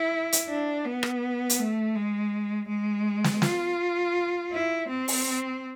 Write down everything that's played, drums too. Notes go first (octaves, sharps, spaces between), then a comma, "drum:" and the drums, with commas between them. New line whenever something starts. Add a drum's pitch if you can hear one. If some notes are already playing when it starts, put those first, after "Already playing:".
Already playing: E4
drum: hi-hat
D4
B3
drum: rim click
drum: hi-hat
A3
G#3
G#3
drum: snare
F4, drum: snare
E4
C4
drum: open hi-hat